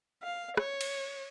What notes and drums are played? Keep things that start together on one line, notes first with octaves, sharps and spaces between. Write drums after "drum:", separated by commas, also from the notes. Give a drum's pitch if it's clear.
F5
C#5, drum: rim click
drum: cymbal